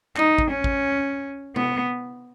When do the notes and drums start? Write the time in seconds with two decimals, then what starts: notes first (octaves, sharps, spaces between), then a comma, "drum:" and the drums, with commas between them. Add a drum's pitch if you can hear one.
0.16 D#4, drum: clap
0.38 drum: kick A1
0.51 C#4
0.64 drum: kick A1
1.56 B3, drum: tom C3